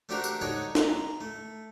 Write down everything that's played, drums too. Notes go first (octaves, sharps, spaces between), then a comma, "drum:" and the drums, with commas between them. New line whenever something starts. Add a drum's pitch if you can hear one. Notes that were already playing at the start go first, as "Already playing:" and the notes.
A3 C4 D4 F#4 G4 A#4
drum: tambourine
D#4 F#4 A4 C#5 D5 F#5
A#5, drum: snare
A3